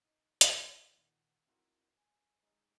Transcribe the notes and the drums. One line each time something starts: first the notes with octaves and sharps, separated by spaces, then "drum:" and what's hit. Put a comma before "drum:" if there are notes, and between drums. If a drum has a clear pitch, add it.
D#4
C4 F4 A#5, drum: hi-hat
A#2 D#3 F#5
C4 D#4 E4 F#4 A#4 C5
G#5
G#3 D#4 D#5